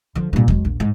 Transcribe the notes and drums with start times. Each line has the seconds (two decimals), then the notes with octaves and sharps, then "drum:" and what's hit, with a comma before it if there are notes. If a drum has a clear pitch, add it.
0.15 D3 F3
0.33 G2 A#2
0.48 F#3 G#3, drum: kick E2
0.65 A#1
0.80 G#2